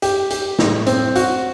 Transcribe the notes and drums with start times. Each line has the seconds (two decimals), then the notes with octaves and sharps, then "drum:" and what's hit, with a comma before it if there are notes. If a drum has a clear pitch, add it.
0.02 G4, drum: hi-hat
0.31 G4, drum: hi-hat
0.59 A2, drum: snare
0.87 C4, drum: hi-hat
1.16 F#4, drum: hi-hat